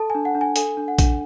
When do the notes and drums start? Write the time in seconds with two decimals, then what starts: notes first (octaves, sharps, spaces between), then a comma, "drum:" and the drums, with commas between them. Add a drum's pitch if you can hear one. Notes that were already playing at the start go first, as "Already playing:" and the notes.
Already playing: A4 A5
0.10 D4 G#5
0.25 F#5
0.35 D4
0.41 G#5
0.56 A4 G#5, drum: hi-hat
0.77 D4
0.88 F#5
0.99 D4, drum: kick A#1, hi-hat